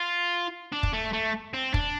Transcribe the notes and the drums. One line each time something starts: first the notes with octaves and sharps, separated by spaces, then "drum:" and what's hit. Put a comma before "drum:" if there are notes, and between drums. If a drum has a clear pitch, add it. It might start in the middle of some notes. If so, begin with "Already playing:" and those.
Already playing: F4
D4
drum: kick
A3
A3
C4
D4, drum: kick